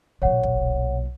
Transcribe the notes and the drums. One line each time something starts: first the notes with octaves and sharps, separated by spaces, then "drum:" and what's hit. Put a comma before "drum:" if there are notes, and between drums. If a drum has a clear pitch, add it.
B1 A#2 C#5 F#5
drum: kick